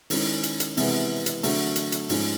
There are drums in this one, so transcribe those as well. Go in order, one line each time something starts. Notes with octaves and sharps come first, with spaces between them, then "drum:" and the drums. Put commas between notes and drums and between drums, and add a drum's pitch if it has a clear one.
D#3 G#3 C#4 E4, drum: open hi-hat
drum: hi-hat
drum: hi-hat
C3 E3 G#3 B3, drum: open hi-hat
drum: hi-hat
D3 F#3 A3, drum: open hi-hat
drum: hi-hat
drum: hi-hat
G#2 F3 G#3 C#4, drum: open hi-hat